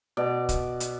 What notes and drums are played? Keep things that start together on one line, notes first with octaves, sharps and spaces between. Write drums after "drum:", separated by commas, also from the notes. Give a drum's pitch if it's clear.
B2 D5
drum: kick, hi-hat
drum: hi-hat